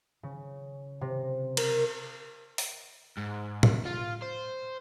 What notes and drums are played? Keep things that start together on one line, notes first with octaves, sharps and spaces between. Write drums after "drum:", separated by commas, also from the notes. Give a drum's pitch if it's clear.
C#3
C3
A#4, drum: cymbal
drum: open hi-hat
G#2
drum: tom A2
F4
C5